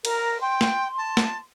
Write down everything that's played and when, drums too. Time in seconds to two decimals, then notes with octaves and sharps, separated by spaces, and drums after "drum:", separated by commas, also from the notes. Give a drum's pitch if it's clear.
0.05 A#4 A#5, drum: cymbal
0.41 G5 C6
0.61 drum: snare
0.97 A5
1.17 drum: snare